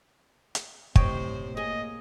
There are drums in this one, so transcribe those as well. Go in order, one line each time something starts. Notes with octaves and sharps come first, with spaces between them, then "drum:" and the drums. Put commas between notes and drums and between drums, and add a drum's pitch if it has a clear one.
drum: hi-hat
A2 C3 C5 C#5 D#5 G5, drum: kick
A#3 G#4 D#5